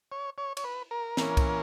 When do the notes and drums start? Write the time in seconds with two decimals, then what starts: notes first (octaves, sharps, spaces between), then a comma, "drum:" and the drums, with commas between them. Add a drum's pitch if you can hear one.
0.12 C#5
0.38 C#5
0.57 C#5, drum: cymbal
0.64 B4
0.91 A#4
1.17 E3 A#3 C#4, drum: snare
1.37 drum: kick C2, cymbal